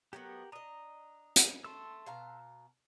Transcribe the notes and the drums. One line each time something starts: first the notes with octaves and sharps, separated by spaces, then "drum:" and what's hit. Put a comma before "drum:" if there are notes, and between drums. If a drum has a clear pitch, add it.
F#3 A3 B3 G4 A#4 F#5
D4 D#5 A#5 D#6
drum: hi-hat
A3 A5 C6 E6
B2 F5 A#5